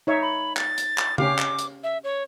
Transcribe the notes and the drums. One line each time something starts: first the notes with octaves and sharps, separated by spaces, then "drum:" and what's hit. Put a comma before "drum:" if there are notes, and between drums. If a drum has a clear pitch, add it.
D#4 C#5 E5
B5
A6, drum: clap
drum: hi-hat
drum: clap
C#4 G4 F5 D6, drum: tom C#3
drum: clap
drum: hi-hat
E5
C#5